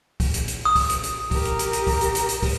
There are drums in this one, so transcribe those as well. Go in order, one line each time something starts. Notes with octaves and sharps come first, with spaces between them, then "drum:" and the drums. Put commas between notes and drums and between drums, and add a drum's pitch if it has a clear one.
drum: kick, open hi-hat
drum: hi-hat
drum: hi-hat
D#6
drum: kick, open hi-hat
drum: hi-hat
drum: hi-hat
G4 A#4, drum: kick, open hi-hat
drum: hi-hat
drum: hi-hat
drum: hi-hat
drum: kick, open hi-hat
drum: hi-hat
drum: hi-hat
drum: hi-hat
drum: kick, open hi-hat